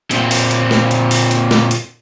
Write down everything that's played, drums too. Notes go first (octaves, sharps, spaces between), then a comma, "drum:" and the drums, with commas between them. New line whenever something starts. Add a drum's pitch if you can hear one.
A#2 C4, drum: hi-hat
drum: open hi-hat
drum: hi-hat
drum: snare
drum: hi-hat
drum: open hi-hat
drum: hi-hat
drum: snare
drum: hi-hat